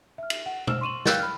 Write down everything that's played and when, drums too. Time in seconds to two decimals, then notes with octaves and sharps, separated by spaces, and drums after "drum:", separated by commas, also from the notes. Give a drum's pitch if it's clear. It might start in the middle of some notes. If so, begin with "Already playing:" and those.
0.18 E5 F6
0.30 drum: cymbal
0.46 F#5
0.67 C5 E6 F6 E7, drum: tom
0.81 C6 C#6 D#7 E7 F#7
1.06 F5 G5 E6 F#6 G6 A6, drum: snare
1.20 B5 F6